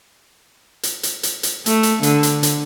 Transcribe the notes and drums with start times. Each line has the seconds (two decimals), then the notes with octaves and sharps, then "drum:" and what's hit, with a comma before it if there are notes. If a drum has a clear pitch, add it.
0.83 drum: hi-hat
1.03 drum: hi-hat
1.23 drum: hi-hat
1.43 drum: hi-hat
1.66 A3, drum: hi-hat
1.83 drum: hi-hat
2.03 D3, drum: hi-hat
2.23 drum: hi-hat
2.43 drum: hi-hat